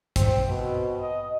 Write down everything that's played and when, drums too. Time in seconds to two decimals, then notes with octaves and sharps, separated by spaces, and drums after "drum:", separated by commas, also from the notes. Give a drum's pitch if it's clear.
0.16 C4, drum: kick, hi-hat
0.48 B2
0.99 D#5